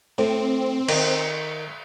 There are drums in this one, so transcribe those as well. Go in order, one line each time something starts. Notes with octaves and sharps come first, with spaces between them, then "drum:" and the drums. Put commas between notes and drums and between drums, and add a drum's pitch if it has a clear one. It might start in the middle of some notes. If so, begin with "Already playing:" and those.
A2 C4
D#3, drum: cymbal